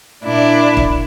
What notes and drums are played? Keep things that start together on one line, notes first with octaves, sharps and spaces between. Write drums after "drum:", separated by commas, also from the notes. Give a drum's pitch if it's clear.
A#2 D4 E4 D5
drum: kick